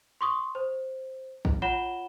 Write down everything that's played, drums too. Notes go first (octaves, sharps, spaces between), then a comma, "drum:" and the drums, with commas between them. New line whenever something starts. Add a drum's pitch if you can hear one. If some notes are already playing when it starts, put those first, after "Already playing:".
C6 C#6 D#6
C5
drum: kick A1
F4 C#5 F#5 B5 E7 G7